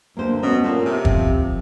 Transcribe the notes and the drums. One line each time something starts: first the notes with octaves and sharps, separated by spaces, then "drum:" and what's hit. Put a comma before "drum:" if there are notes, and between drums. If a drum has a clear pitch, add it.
D2 A#3 C5
B2 A3 B3 C#4
A#2 A4 A#4
C3
F3, drum: kick